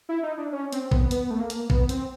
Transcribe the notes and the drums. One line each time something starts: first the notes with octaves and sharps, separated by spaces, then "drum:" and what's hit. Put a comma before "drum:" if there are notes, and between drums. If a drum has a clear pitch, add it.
E4
D#4
D4
C#4
C4, drum: hi-hat
B3, drum: kick A#1
B3, drum: hi-hat
A3
A#3
drum: hi-hat
B3, drum: kick A#1
C4, drum: hi-hat